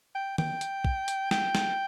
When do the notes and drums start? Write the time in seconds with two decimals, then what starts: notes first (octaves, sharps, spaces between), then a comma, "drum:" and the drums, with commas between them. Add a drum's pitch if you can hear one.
0.15 G5
0.38 G5, drum: tom
0.61 drum: hi-hat
0.85 drum: kick
1.08 drum: hi-hat
1.31 G5, drum: snare
1.55 drum: snare